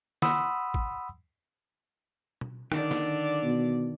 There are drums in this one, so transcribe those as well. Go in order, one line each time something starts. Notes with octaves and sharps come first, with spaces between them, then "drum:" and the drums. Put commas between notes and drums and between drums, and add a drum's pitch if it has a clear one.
F#5 B5 C6 D#6 E6, drum: snare
drum: kick
drum: tom B2
D3 D#3 D5, drum: rim click
drum: snare
B2